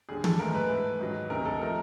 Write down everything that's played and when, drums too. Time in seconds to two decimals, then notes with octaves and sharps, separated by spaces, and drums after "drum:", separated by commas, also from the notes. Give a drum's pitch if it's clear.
0.09 D#2 D3 G3 G#4
0.24 A4, drum: tom
0.39 A2 E3 G#3 A#4
0.55 B4
0.69 G#2 E3 A3
1.00 G#2 D#3 F#3
1.30 D2 C3 D#3 A#4
1.45 A4
1.61 F3 A3 A#4